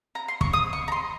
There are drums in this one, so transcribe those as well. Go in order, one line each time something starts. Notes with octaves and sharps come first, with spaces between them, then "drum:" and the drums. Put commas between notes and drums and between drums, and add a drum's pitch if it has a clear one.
A#5
C6
C#6, drum: kick
D#6
C#6
A#5
C6